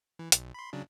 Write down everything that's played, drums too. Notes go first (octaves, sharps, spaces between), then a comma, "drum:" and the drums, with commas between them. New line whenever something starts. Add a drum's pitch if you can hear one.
E3
B1, drum: hi-hat
B5 C6
C#3 F#3 D4